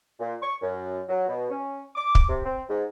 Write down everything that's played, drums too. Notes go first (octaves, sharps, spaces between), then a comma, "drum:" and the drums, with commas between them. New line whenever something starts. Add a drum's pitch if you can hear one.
A#2
C#6
F#2
F#3
B2
C#4
D6
drum: kick
C3
C4
G#2